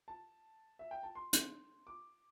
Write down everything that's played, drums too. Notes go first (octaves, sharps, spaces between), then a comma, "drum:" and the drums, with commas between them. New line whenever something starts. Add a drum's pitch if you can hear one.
A5
E5
G5
A5
C6
drum: hi-hat
D6